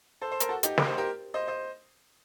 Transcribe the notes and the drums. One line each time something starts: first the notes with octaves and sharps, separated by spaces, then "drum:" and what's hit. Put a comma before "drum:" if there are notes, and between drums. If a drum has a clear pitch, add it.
A4 C5
C5
A#4, drum: hi-hat
F#4 A4
D#4 G4, drum: hi-hat
A#4, drum: snare
C5
G4 A#4
C5 D#5
C5 D#5